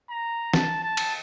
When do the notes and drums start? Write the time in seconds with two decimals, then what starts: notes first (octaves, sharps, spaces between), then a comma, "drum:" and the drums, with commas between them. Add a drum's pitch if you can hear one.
0.10 A#5
0.53 A5, drum: snare
0.83 A5
0.97 drum: cymbal